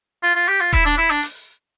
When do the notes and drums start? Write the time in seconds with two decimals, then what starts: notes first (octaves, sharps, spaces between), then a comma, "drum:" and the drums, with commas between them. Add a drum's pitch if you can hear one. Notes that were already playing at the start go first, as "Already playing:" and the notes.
0.23 F4
0.35 F4
0.48 G4
0.61 F4
0.73 E4, drum: kick D#1, hi-hat
0.85 D4
0.97 E4
1.10 D4
1.23 drum: open hi-hat